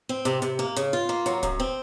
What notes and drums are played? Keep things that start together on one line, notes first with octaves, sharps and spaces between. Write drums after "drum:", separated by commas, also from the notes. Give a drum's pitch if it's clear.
C4
C3, drum: hi-hat
C3, drum: hi-hat
A#3
C#3, drum: hi-hat
F4
A#3
F#3, drum: hi-hat
F#2, drum: kick, hi-hat
C4